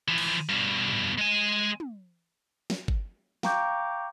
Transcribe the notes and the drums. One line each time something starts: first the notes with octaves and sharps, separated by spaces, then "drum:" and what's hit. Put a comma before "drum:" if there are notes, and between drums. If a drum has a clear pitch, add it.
E3 F3
drum: cymbal
G2 B2
drum: tom
G#3 G#5
drum: tom
drum: snare
drum: kick G1
F5 G5 A#5 C#6 D6 G6, drum: snare